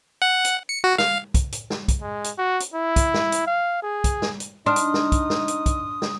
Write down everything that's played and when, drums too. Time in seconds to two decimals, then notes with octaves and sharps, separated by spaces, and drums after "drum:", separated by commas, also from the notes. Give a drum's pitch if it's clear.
0.22 F#5
0.45 drum: hi-hat
0.69 C#7
0.84 F#4
0.98 F5, drum: snare
1.34 drum: kick, hi-hat
1.52 drum: hi-hat
1.70 drum: snare
1.88 drum: kick, hi-hat
2.01 G#3
2.24 drum: hi-hat
2.38 F#4
2.60 drum: hi-hat
2.74 E4
2.96 drum: kick, hi-hat
3.14 drum: snare
3.32 drum: hi-hat
3.47 F5
3.82 G#4
4.04 drum: kick, hi-hat
4.22 drum: snare
4.40 drum: hi-hat
4.66 D4 D#4 C6 D#6 F6
4.76 drum: hi-hat
4.94 drum: snare
5.12 drum: kick, hi-hat
5.30 drum: snare
5.48 drum: hi-hat
5.66 drum: kick, hi-hat
6.02 drum: snare